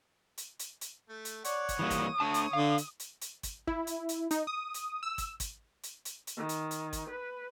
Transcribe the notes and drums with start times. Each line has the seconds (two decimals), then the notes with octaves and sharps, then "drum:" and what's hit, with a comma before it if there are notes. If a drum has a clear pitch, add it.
0.38 drum: hi-hat
0.60 drum: hi-hat
0.81 drum: hi-hat
1.09 A3
1.25 drum: hi-hat
1.45 C#5 D5 F#5, drum: hi-hat
1.69 drum: kick, hi-hat
1.79 E3 G3 A#3 D#6
1.91 drum: kick, hi-hat
2.20 A3 D4 C#5 A5
2.34 drum: hi-hat
2.53 D3 F5
2.78 drum: hi-hat
3.00 drum: hi-hat
3.22 drum: hi-hat
3.43 drum: kick, hi-hat
3.67 E4, drum: kick
3.87 drum: hi-hat
4.09 drum: hi-hat
4.31 D#4, drum: hi-hat
4.47 D#6
4.74 drum: hi-hat
5.03 E6
5.18 drum: kick, hi-hat
5.40 drum: kick, hi-hat
5.84 drum: hi-hat
6.05 drum: hi-hat
6.27 drum: hi-hat
6.37 D#3
6.49 drum: hi-hat
6.71 drum: hi-hat
6.93 drum: kick, hi-hat
7.10 B4